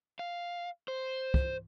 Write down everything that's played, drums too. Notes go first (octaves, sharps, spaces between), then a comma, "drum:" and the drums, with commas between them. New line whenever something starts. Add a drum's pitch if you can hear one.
F5
C5
drum: kick